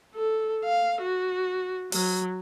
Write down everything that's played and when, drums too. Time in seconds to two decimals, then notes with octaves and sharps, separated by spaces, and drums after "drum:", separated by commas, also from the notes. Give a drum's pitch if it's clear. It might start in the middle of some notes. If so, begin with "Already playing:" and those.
0.15 A4
0.64 F5
1.02 F#4
1.92 F#3, drum: open hi-hat